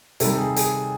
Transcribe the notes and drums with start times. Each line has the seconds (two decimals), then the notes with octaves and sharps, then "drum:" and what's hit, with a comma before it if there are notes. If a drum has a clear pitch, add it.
0.20 C3 D#3 G3 A4, drum: hi-hat
0.38 G#4
0.56 G#4, drum: hi-hat